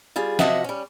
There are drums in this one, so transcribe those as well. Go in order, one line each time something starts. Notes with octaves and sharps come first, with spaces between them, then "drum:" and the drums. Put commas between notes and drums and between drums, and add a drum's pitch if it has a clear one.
G3 F4 G#4
C3 F3 F#4 D#5 E5 F#5, drum: snare
G3 C#4